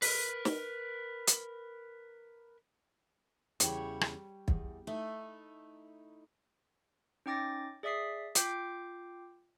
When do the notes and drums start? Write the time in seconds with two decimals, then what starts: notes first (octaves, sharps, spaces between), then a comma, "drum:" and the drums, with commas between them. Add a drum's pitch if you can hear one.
0.02 A#4 B4, drum: open hi-hat
0.45 drum: snare
1.27 drum: hi-hat
3.60 E2 C#3 G3 E4 C#5, drum: hi-hat
4.01 drum: rim click
4.48 E2, drum: kick
4.87 A3 D#4 E4
7.26 C#4 D#4 G5 D6 A6 A#6
7.83 G#4 D5 E5 D#6 B6 C7
8.35 F4 G5 D6 G6 C7 D7, drum: hi-hat